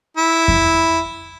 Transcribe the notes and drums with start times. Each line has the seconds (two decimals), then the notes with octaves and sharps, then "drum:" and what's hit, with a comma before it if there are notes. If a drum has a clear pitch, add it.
0.17 E4
0.48 drum: kick F2